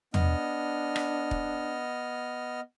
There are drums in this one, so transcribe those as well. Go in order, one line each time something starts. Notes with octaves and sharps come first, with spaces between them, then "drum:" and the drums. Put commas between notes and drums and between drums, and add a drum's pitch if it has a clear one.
B3 D4 D#5 F6, drum: tom
drum: rim click
drum: kick